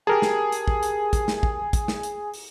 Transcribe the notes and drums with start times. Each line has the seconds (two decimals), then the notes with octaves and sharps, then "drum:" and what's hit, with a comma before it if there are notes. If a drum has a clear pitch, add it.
0.07 G4 G#4 A#4 G#5 A5
0.22 drum: snare
0.52 drum: hi-hat
0.68 drum: kick
0.83 drum: hi-hat
1.13 drum: kick, hi-hat
1.28 drum: snare
1.43 drum: kick
1.73 drum: kick, hi-hat
1.88 drum: snare
2.03 drum: hi-hat
2.34 drum: open hi-hat